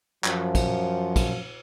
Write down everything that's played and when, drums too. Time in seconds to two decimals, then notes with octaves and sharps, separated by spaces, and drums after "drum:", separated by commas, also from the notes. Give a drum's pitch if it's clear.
0.24 F#2 F3, drum: clap
0.55 drum: kick, cymbal
1.16 drum: kick, cymbal